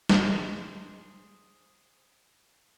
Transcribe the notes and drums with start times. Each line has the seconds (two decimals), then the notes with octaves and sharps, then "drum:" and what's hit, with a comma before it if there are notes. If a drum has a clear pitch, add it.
0.09 G#4 C5, drum: snare